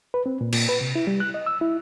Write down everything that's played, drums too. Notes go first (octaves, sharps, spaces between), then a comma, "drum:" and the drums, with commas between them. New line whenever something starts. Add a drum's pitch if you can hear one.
B4
C4
A#2
A#2, drum: cymbal
B4
C3
E4
G3
F#6
D#5
E6
E4